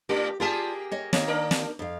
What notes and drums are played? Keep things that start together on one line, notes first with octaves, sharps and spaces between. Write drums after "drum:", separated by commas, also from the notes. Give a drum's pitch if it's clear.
A#2 A3 D4 G4
A#3 F4 G4 G#4 D5 A5
C#5 D#5
D#3 A#3 C#5, drum: snare
D4 A#4
drum: snare
F2 F5